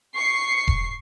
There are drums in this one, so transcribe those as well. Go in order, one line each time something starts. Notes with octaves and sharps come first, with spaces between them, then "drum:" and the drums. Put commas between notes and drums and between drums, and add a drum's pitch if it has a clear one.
C#6 C7
drum: kick E1